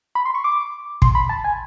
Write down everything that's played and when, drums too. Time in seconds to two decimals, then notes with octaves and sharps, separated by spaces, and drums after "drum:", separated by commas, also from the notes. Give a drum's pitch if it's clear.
0.15 B5
0.25 C6
0.35 C#6
0.44 D6
1.02 C6, drum: kick
1.15 B5
1.29 A5
1.44 G#5